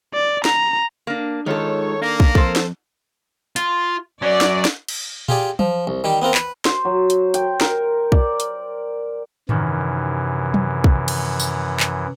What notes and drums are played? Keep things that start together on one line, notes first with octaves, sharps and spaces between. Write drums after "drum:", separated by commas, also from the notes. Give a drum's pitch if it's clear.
D5
A#5, drum: snare
A#3 D4
D#3 G#3 D#4 F4 A4 C#5
A#3 D4
drum: kick
F2 A4 C5, drum: kick
drum: snare
F4, drum: hi-hat
F#3 C#4 D5
drum: snare
drum: snare
drum: cymbal
F4 G4 G#4 D5, drum: tom A#2
F3, drum: tom
C2
D#3 G3 G4
B3 C4 F4 A#4
B4, drum: clap
C5, drum: snare
F#3
drum: hi-hat
G5, drum: hi-hat
A#4, drum: snare
D5, drum: kick
drum: hi-hat
F#2 C3 D#3 E3, drum: tom G#2
drum: tom
drum: kick
drum: cymbal
drum: tambourine
drum: clap